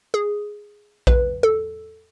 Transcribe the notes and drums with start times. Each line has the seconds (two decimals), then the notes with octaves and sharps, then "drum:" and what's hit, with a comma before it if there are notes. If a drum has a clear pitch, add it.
0.14 G#4
1.07 B4, drum: kick A#1
1.43 A4